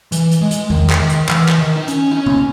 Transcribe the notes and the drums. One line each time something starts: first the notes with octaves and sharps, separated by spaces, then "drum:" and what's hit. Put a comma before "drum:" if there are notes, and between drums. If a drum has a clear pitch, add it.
E3, drum: hi-hat
drum: hi-hat
G#3
drum: hi-hat
D#3, drum: tom E2
drum: clap
D#3
drum: hi-hat
E3, drum: clap
drum: clap
D#3
D#4
C#4, drum: hi-hat
D#4
C#4
drum: tom C#3